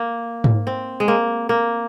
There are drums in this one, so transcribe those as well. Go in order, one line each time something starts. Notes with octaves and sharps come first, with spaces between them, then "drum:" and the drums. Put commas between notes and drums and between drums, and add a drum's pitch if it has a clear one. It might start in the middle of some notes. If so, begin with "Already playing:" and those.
Already playing: A#3
drum: tom G#2
C4
G#3
A#3
A#3